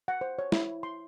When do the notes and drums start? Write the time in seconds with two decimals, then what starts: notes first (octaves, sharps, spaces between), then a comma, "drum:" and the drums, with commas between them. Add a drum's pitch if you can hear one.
0.08 F#5
0.21 C5
0.39 C#5
0.52 E4, drum: snare
0.83 C6